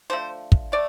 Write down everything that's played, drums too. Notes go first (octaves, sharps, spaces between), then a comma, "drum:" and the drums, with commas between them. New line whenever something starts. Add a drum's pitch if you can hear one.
D3 F3 A3 C5
drum: kick
A3 D5